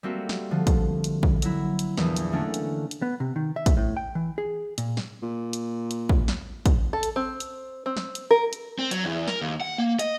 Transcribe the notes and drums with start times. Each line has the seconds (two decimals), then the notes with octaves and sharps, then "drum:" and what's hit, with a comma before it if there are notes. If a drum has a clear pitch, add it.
0.03 G3 A3 A#3 C4 F#4 G4
0.29 drum: snare
0.51 D3 F3
0.67 drum: kick, hi-hat
1.04 drum: hi-hat
1.23 drum: kick
1.42 F#3 E4, drum: hi-hat
1.79 drum: hi-hat
1.97 A#1 E2 E3, drum: snare
2.16 drum: hi-hat
2.32 D3 A3 A#3 C#4 D4
2.54 drum: hi-hat
2.91 drum: hi-hat
3.02 B3
3.20 C3
3.36 D#3
3.56 E5
3.66 drum: kick, hi-hat
3.77 A2
3.97 G5
4.15 E3
4.38 G#4
4.78 A#2, drum: hi-hat
4.97 drum: snare
5.22 A#2
5.53 drum: hi-hat
5.91 drum: hi-hat
6.09 drum: kick
6.28 drum: snare
6.66 drum: kick, hi-hat
6.93 A4
7.03 drum: hi-hat
7.16 C4
7.40 drum: hi-hat
7.86 C4
7.97 drum: snare
8.15 drum: hi-hat
8.31 A#4
8.53 drum: hi-hat
8.79 C4
8.91 F#3, drum: hi-hat
9.04 E2
9.28 A#4, drum: snare
9.42 D#2
9.60 F#5
9.78 A#3
9.99 D#5, drum: hi-hat